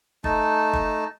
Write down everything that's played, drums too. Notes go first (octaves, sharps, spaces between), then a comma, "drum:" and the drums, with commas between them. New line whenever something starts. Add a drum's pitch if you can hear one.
A3 D#4 A5, drum: kick G1
drum: kick G1